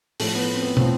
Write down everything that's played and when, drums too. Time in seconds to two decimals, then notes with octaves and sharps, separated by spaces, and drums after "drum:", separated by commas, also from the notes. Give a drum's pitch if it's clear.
0.20 A2 F3 A3, drum: open hi-hat
0.35 B3
0.54 C4
0.62 B3
0.77 A2 F3 C4, drum: tom